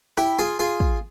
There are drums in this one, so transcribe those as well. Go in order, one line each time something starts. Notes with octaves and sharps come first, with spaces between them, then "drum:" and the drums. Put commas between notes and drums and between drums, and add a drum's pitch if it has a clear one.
E4 G4, drum: rim click
F4 G#4
F4 G#4
drum: kick